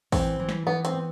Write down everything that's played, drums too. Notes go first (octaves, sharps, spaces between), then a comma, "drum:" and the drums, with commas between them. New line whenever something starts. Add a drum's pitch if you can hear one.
E3 C4, drum: kick, open hi-hat
E3
drum: snare
E3 B3
C4, drum: hi-hat
B3